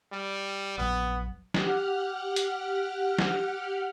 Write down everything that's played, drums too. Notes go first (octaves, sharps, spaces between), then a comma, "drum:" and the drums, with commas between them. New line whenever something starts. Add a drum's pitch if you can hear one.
G3
F1 A#1 F#3 B3
G4 F#5 F6, drum: snare
drum: hi-hat
drum: snare